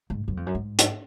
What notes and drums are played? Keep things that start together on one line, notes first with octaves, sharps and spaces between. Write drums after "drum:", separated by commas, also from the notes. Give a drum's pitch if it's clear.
G#2
F#2
F2
F#2
G#2
drum: hi-hat